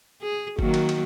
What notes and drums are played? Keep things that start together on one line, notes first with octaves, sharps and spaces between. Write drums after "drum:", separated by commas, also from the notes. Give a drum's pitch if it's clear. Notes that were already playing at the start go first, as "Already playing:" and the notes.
G#4
D#3 F#3 A#3, drum: kick G1
drum: cymbal
drum: cymbal